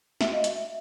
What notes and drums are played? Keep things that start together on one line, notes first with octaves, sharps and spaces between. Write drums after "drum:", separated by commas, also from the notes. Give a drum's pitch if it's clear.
F#4 E5, drum: snare
D#5 F5
F#4 E5, drum: hi-hat
E5